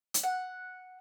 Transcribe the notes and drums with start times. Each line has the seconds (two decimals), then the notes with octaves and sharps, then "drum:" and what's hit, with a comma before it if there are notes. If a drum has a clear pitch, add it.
0.14 drum: hi-hat
0.23 F#5